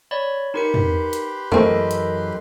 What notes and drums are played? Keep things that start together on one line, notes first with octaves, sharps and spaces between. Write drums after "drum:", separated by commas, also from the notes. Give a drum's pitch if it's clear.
C#5 D5 B5
D#4 G4 A#4 B4 C6 C#7
drum: tom
drum: hi-hat
F#2 E3 A3 C4 A4 A#4 D#5, drum: tom
drum: hi-hat